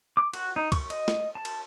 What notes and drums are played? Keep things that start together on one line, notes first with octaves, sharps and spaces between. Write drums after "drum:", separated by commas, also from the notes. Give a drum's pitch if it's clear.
D6
F#4, drum: cymbal
D#4
C#6, drum: kick, cymbal
D#5, drum: cymbal
drum: snare
A5
drum: cymbal